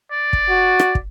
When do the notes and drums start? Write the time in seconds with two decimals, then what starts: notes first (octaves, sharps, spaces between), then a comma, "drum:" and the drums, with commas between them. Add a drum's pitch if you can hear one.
0.12 D5
0.33 drum: kick
0.49 F#4
0.80 drum: rim click
0.95 drum: kick